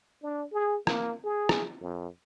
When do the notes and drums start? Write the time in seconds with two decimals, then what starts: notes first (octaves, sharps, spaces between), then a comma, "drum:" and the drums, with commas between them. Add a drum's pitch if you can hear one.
0.23 D4
0.52 G#4
0.87 A#3, drum: rim click
1.24 G#4
1.49 drum: rim click
1.81 F2